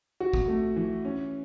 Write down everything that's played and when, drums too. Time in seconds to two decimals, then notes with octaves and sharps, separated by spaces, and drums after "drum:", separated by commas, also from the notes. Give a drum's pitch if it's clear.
0.20 F#4
0.33 drum: kick F1
0.48 A3
0.76 E3
1.05 C#4